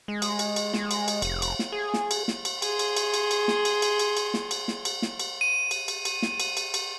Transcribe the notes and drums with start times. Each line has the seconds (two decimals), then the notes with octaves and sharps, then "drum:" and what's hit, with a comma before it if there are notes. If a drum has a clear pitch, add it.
0.08 G#3
0.22 drum: cymbal
0.39 drum: cymbal
0.56 drum: cymbal
0.74 G#3, drum: snare
0.91 drum: cymbal
1.08 drum: cymbal
1.22 F1, drum: cymbal
1.42 drum: cymbal
1.59 drum: snare
1.72 G#4
1.94 drum: snare
2.11 drum: cymbal
2.28 drum: snare
2.45 drum: cymbal
2.62 G#4 C6, drum: cymbal
2.79 drum: cymbal
2.97 drum: cymbal
3.14 drum: cymbal
3.31 drum: cymbal
3.48 drum: snare
3.65 drum: cymbal
3.82 drum: cymbal
3.99 drum: cymbal
4.17 drum: cymbal
4.34 drum: snare
4.51 drum: cymbal
4.68 drum: snare
4.85 drum: cymbal
5.02 drum: snare
5.20 drum: cymbal
5.41 D#7
5.71 drum: cymbal
5.88 drum: cymbal
6.05 drum: cymbal
6.22 drum: snare
6.40 drum: cymbal
6.57 drum: cymbal
6.74 drum: cymbal